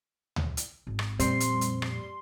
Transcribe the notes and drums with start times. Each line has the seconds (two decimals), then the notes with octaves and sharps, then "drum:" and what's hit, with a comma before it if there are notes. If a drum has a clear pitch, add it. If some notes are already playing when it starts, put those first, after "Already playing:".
0.36 drum: tom D2
0.57 drum: hi-hat
0.87 G#1
0.99 drum: rim click
1.20 F2 A#2 G3 C4 C6 C7, drum: hi-hat
1.40 drum: hi-hat
1.61 drum: hi-hat
1.82 drum: rim click